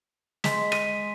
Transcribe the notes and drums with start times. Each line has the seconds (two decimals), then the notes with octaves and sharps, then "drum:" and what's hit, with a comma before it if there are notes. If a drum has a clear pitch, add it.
0.44 G#3 B6, drum: snare
0.72 D#7, drum: rim click